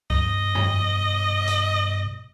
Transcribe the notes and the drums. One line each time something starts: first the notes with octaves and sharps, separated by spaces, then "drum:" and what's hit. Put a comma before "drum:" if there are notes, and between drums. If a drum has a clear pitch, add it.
G2 B2 D#5, drum: kick C#2
drum: tom F#2
drum: hi-hat